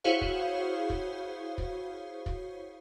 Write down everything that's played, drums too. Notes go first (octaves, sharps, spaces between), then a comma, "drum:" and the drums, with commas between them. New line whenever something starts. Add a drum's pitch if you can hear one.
E4 F#4 G#4 C5 C#5 F5
drum: kick
drum: kick
drum: kick
drum: kick